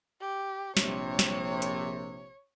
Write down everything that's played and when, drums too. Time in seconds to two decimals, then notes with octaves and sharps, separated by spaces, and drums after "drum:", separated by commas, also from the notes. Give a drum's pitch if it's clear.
0.21 G4
0.77 A#1 C3 C#5, drum: snare
1.19 drum: snare
1.62 drum: hi-hat